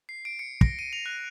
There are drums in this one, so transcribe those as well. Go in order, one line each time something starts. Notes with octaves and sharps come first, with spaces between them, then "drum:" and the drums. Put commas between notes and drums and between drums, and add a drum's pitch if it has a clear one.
C7
D7
C#7
A#6, drum: kick
D#7
F7
F#6